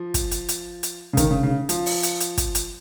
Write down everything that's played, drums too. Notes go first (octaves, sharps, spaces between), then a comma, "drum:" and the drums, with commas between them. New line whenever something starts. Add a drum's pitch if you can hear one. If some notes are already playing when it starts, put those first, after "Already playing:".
Already playing: F3
drum: kick, hi-hat
drum: hi-hat
drum: hi-hat
drum: hi-hat
C#3
D#3, drum: kick, hi-hat
C#3
C#3
F3, drum: hi-hat
drum: open hi-hat
drum: hi-hat
drum: hi-hat
drum: kick, hi-hat
drum: hi-hat